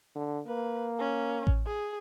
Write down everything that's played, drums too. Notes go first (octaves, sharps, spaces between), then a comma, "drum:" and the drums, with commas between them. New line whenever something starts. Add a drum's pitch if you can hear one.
D3
A#3 B4
C#4
drum: kick A1
G#4